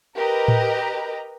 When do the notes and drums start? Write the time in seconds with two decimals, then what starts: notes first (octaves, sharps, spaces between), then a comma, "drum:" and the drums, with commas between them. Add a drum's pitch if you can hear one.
0.16 G4 A#4 B4 D#5 A#5
0.48 drum: tom A2